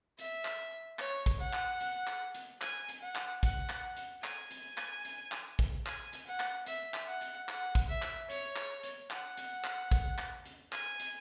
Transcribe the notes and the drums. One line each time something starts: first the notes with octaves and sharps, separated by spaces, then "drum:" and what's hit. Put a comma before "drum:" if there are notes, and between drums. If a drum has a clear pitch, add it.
E5, drum: hi-hat
drum: clap
C#5, drum: clap
drum: kick A1, hi-hat
F#5
drum: clap
drum: hi-hat
drum: clap
drum: hi-hat
G#5, drum: clap
drum: hi-hat
F#5
drum: clap
F#5, drum: kick A1, hi-hat
drum: clap
drum: hi-hat
G#5, drum: clap
drum: hi-hat
drum: clap
drum: hi-hat
drum: clap
drum: kick A1, hi-hat
G#5, drum: clap
drum: hi-hat
F#5
drum: clap
E5, drum: hi-hat
drum: clap
F#5
drum: hi-hat
F#5, drum: clap
drum: kick A1, hi-hat
E5
drum: clap
C#5, drum: hi-hat
drum: clap
drum: hi-hat
F#5, drum: clap
drum: hi-hat
drum: clap
drum: kick A1, hi-hat
drum: clap
drum: hi-hat
G#5, drum: clap
drum: hi-hat